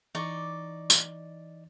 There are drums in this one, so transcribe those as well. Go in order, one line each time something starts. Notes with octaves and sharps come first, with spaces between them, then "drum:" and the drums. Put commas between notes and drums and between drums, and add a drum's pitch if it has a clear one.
E3 D#4 D5 C#6
drum: tambourine